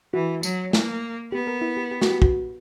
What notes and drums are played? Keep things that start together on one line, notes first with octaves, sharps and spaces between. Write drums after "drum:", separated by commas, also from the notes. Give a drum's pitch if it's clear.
E3 F#4
F#3, drum: tambourine
A#3, drum: snare
B3 G4
A#4
E4
G4
G4
F#4, drum: snare
G4
F#4, drum: kick